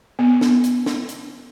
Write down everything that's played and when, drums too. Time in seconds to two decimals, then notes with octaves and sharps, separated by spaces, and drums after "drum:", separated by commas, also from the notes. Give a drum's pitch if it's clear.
0.19 B3
0.41 drum: snare
0.64 drum: hi-hat
0.86 drum: snare
1.09 drum: hi-hat